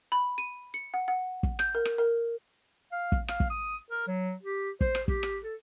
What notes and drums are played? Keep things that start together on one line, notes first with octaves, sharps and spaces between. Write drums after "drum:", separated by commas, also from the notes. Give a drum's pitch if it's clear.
B5
D#7
C#7
F#5
F#5
drum: kick
G6, drum: rim click
A#4
drum: rim click
A#4
F5
drum: kick
F5, drum: rim click
drum: kick
D#6
A#4
F#3
G4
C5, drum: kick
drum: rim click
G4, drum: kick
drum: rim click
A4